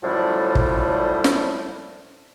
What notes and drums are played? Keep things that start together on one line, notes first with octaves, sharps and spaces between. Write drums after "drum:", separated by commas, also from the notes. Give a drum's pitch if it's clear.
F#2 A2 D3 F3 G3
drum: kick
drum: snare